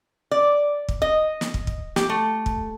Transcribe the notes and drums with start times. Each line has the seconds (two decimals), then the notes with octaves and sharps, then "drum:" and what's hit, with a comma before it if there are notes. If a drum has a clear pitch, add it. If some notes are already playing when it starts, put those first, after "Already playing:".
0.31 D5
0.89 drum: kick
1.02 D#5
1.41 drum: snare
1.54 drum: kick
1.67 drum: kick
1.96 G4, drum: snare
2.09 A3
2.46 drum: kick